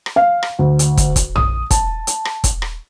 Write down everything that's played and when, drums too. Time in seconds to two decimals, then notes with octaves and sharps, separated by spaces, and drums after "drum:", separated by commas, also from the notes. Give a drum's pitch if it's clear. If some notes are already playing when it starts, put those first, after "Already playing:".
0.06 drum: rim click
0.16 F5
0.43 drum: rim click
0.59 D2
0.79 drum: hi-hat
0.97 drum: kick, hi-hat
1.16 drum: kick, hi-hat
1.36 D#6, drum: tom A#1
1.71 A5, drum: kick, hi-hat
2.07 drum: hi-hat
2.25 drum: rim click
2.44 drum: kick, hi-hat
2.62 drum: rim click